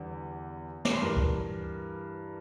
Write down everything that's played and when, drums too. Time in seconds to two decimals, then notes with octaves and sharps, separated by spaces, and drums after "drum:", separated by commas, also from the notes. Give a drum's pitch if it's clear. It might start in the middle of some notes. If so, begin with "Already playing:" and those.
Already playing: E2 D3 G3
0.85 D6, drum: snare
0.94 C6
1.01 G2 E3 G3 A#4 A#5
1.17 drum: kick D2